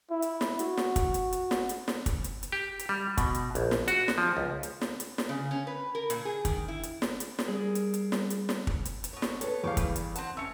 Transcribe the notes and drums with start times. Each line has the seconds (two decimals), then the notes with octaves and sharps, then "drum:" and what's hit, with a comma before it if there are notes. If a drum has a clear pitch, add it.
0.11 E4
0.22 drum: hi-hat
0.41 drum: snare
0.59 F#4, drum: hi-hat
0.77 drum: snare
0.96 drum: kick, hi-hat
1.14 drum: hi-hat
1.33 drum: hi-hat
1.51 drum: snare
1.69 drum: hi-hat
1.88 drum: snare
2.06 drum: kick, hi-hat
2.24 drum: hi-hat
2.43 drum: hi-hat
2.52 G4
2.79 drum: hi-hat
2.89 G3
3.18 B2, drum: kick, hi-hat
3.35 drum: hi-hat
3.55 A#1, drum: hi-hat
3.71 drum: snare
3.88 F#4, drum: hi-hat
4.08 drum: snare
4.18 F3
4.37 C#2
4.63 drum: hi-hat
4.81 drum: snare
5.00 drum: hi-hat
5.18 drum: snare
5.29 C#3
5.51 C#4
5.67 B4
5.95 A#4
6.10 A#2, drum: hi-hat
6.25 G#4
6.45 D#3, drum: kick, hi-hat
6.68 E4
6.83 drum: hi-hat
7.02 drum: snare
7.20 drum: hi-hat
7.39 drum: snare
7.48 G3 G#4 A#4
7.75 drum: hi-hat
7.94 drum: hi-hat
8.12 drum: snare
8.30 drum: hi-hat
8.49 drum: snare
8.67 drum: kick
8.85 drum: hi-hat
9.04 drum: hi-hat
9.13 B2 C#5
9.22 drum: snare
9.41 A4 B4 C#5, drum: hi-hat
9.64 E2 G4 F5 C#6
9.77 G3, drum: kick, hi-hat
9.96 drum: hi-hat
10.15 C4 F#5 A5, drum: hi-hat
10.37 A3 C#4 E6 C#7